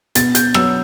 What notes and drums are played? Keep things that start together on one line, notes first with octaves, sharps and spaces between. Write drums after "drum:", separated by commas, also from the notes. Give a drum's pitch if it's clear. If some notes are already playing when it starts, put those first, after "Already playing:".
B2 A6, drum: hi-hat
G6, drum: hi-hat
F#3 B3 E6, drum: rim click